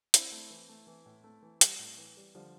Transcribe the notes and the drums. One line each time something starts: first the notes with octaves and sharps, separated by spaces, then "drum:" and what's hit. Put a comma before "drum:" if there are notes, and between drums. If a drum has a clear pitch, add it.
C4 D4 E4, drum: hi-hat
A3
E3
A3
E3
A2
A3
E3
G3, drum: hi-hat
A2
E3
G3
D3 F3 G3